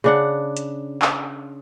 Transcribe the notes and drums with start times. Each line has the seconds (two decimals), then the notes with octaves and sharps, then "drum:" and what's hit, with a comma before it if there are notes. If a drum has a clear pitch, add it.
0.04 C#3 D4 F#5
0.57 drum: hi-hat
1.02 drum: clap